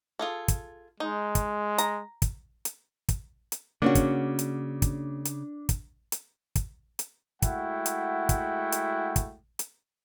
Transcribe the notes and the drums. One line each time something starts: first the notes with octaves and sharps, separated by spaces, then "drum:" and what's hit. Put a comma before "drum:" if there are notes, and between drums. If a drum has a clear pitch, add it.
F4 G#4 A4
drum: kick, hi-hat
G#3 D#4
drum: kick, hi-hat
A#5, drum: hi-hat
drum: kick, hi-hat
drum: hi-hat
drum: kick, hi-hat
drum: hi-hat
C#3 A#3 C#4 D4 F#4
drum: kick, hi-hat
drum: hi-hat
drum: kick, hi-hat
drum: hi-hat
drum: kick, hi-hat
drum: hi-hat
drum: kick, hi-hat
drum: hi-hat
G#3 A3 E4 F#4 F#5 G5, drum: kick, hi-hat
drum: hi-hat
drum: kick, hi-hat
drum: hi-hat
drum: kick, hi-hat
drum: hi-hat